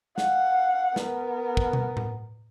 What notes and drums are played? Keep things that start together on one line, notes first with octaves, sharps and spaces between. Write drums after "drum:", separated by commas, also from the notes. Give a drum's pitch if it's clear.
F5 F#5, drum: snare
B3 A#4, drum: snare
drum: kick
drum: tom B2
drum: tom A2